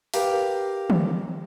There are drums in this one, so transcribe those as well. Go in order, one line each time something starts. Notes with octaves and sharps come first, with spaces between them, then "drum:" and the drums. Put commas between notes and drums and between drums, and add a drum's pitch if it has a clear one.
G4 A#4 B4 F5, drum: open hi-hat
drum: tom